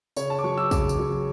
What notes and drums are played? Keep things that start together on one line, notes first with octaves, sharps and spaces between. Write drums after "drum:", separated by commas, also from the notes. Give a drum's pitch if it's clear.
C#3 C#5, drum: tambourine
A5
D6
F#3 C#6
E6
C#3 D6, drum: kick, tambourine
drum: tambourine
F#3